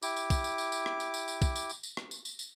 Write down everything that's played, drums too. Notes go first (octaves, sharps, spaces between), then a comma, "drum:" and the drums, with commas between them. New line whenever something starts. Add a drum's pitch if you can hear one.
E4 G4 D6, drum: tambourine
drum: tambourine
drum: kick, tambourine
drum: tambourine
drum: tambourine
drum: tambourine
drum: rim click
drum: tambourine
drum: tambourine
drum: tambourine
drum: kick, tambourine
drum: tambourine
drum: tambourine
drum: tambourine
drum: rim click
drum: tambourine
drum: tambourine
drum: tambourine